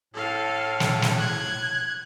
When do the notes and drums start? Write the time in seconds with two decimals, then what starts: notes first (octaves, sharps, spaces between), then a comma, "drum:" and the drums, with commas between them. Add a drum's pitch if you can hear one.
0.14 A2 A4 F5
0.80 drum: snare
1.02 drum: snare
1.18 F#6 G#6